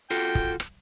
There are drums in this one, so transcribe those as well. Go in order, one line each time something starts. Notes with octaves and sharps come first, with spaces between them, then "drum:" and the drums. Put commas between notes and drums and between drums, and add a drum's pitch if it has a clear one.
F4 F#4 A4 G5
drum: kick
drum: rim click